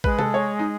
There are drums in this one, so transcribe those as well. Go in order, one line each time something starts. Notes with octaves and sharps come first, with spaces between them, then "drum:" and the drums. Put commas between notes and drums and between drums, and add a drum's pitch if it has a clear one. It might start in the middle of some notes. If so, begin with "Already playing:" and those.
G#3 B4, drum: kick A1
A4, drum: tom C3
C#5
D#4